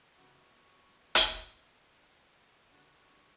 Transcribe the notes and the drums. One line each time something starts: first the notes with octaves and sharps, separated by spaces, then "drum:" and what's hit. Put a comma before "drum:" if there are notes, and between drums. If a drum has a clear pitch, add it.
E2 C#3 F#3 B3 F#4
drum: hi-hat
D3 G3 B3 D4 F#4